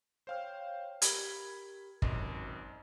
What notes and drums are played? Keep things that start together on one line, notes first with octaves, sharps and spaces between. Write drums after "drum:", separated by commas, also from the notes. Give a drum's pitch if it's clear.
C5 C#5 F5 G5 F6
G4 A#4 B5 G#6, drum: hi-hat
G#1 F#2 D#5, drum: kick